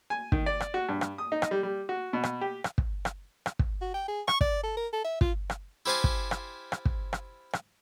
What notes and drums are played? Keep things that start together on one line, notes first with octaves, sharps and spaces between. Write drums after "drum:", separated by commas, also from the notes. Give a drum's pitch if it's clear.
G#5
D#3, drum: kick
D5
drum: rim click
F#4
G2
drum: rim click
D#6
D#4
drum: rim click
G3
G3
F#4
B2
drum: rim click
G4
drum: rim click
drum: kick
drum: rim click
drum: rim click
drum: kick
F#4
G5
G#4
C#6, drum: rim click
D5, drum: kick
A4
A#4
A4
E5
F4, drum: kick
drum: rim click
E4 G4 C5 F5 G#5 A5
drum: kick
drum: rim click
drum: rim click
drum: kick
drum: rim click
drum: rim click